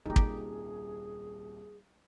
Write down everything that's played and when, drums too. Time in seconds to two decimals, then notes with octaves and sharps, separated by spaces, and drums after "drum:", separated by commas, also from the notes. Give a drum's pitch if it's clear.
0.06 D#1 C2 A#3 C#4 D#4 G4 G#4
0.16 drum: kick